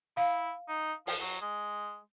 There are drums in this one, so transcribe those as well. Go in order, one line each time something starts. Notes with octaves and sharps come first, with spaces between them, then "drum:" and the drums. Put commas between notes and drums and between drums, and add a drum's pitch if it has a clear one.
E4 F5
D#4
F3, drum: open hi-hat
F#3
G#3